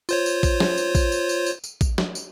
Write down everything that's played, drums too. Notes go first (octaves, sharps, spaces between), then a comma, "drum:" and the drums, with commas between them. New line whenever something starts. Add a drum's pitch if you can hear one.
F4 C5 C#5, drum: tambourine
drum: tambourine
drum: kick A1, tambourine
drum: snare
drum: tambourine
drum: kick A1, tambourine
drum: tambourine
drum: tambourine
drum: tambourine
drum: tambourine
drum: kick A1, tambourine
drum: snare
drum: tambourine